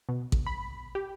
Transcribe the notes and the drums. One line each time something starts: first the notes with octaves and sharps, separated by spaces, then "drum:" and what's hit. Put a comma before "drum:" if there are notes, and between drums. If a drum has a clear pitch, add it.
B2
B1, drum: kick A1
B5
G4